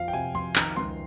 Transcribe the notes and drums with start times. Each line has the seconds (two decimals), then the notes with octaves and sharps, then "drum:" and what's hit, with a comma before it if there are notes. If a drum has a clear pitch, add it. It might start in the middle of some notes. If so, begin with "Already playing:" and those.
Already playing: F2 F3 F5
0.08 G5
0.13 C3 G#5
0.34 F2 C6
0.56 D#3 A#5, drum: clap
0.76 C#2 C6